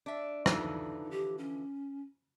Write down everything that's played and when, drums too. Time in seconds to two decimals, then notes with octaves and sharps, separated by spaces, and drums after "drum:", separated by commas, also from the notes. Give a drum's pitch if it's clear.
0.06 D4 E5
0.46 D3 E3 F3 D#4, drum: rim click
1.11 G4
1.38 C#4